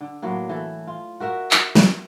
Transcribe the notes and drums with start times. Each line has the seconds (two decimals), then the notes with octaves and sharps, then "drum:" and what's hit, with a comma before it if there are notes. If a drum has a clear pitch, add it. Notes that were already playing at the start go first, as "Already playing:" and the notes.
0.01 D3
0.22 A2 F#3 A#3
0.49 E3 A4
0.87 F4
1.20 F#4 A#4 E5 F#5
1.51 drum: clap
1.75 drum: snare